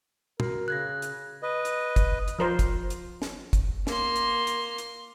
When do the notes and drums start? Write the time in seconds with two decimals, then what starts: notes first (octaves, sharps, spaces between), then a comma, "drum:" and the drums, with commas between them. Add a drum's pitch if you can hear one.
0.40 F#4 A#4, drum: tom
0.68 C#3 F#6 G#6 A#6
1.02 drum: hi-hat
1.43 B4 D#5
1.65 drum: hi-hat
1.96 drum: kick, hi-hat
2.28 drum: hi-hat
2.39 F3 A#4 C5
2.59 drum: kick, hi-hat
2.90 drum: hi-hat
3.22 drum: snare
3.53 drum: kick, hi-hat
3.87 A#3 C6, drum: snare
4.16 drum: hi-hat
4.47 drum: hi-hat
4.78 drum: hi-hat